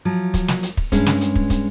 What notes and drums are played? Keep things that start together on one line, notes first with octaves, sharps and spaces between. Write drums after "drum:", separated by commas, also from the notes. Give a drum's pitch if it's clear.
F3 F#3
drum: kick, hi-hat
drum: snare
drum: hi-hat
drum: kick
G2 G#3 C#4, drum: kick, hi-hat
drum: snare
drum: hi-hat
drum: kick
drum: kick, hi-hat